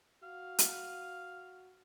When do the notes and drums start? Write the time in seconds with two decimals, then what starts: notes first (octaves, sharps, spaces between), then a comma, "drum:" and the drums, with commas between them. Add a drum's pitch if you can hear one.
0.23 F#4 F5
0.59 drum: hi-hat